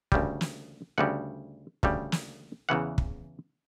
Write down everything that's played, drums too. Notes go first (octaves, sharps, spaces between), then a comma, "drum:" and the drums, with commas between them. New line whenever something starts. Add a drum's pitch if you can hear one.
D2 C#3 G3, drum: kick
drum: snare
D2 C#3 G3 F#5
D2 C#3 G3, drum: kick
drum: snare
E2 C#3 E3 F#5
drum: kick